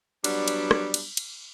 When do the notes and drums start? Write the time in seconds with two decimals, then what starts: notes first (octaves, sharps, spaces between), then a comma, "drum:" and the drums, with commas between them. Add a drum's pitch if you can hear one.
0.24 F#3 G3 B3 D4, drum: cymbal
0.48 drum: cymbal
0.71 drum: rim click
0.94 drum: cymbal
1.17 drum: cymbal